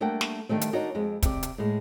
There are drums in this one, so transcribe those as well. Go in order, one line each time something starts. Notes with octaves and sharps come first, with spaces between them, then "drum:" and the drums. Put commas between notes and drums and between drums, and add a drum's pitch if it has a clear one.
G3 A3 A#3 D4 F#5 G5
drum: snare
D3 D#3 G3 A3 C4
drum: hi-hat
D4 D#4 F#4 A#4 C#5 D#5
F2 G#3 C4
C3 D5, drum: kick, hi-hat
drum: hi-hat
A2 G#3